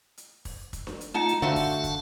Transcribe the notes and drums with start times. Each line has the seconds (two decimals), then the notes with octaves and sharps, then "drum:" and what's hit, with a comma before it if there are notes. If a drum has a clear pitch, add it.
0.17 drum: hi-hat
0.45 drum: kick, open hi-hat
0.73 drum: kick, hi-hat
0.87 drum: snare D4
1.01 drum: hi-hat
1.14 A3 D#4 F4 F#5 A5
1.28 drum: hi-hat
1.42 D3 A3 F#4 C5 F5 F#5 A5
1.56 drum: kick, open hi-hat
1.84 drum: kick, hi-hat